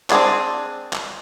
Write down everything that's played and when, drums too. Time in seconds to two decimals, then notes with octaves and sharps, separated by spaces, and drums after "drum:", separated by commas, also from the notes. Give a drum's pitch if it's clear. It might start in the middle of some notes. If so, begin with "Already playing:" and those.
0.10 C4 D4 G#4 D5, drum: clap
0.93 drum: clap